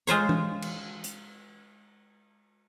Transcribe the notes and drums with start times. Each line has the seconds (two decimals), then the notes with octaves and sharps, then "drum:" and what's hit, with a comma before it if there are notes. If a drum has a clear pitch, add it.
0.07 G#3 F4 C5 C#5, drum: hi-hat
0.29 drum: tom
0.62 drum: cymbal
1.04 drum: hi-hat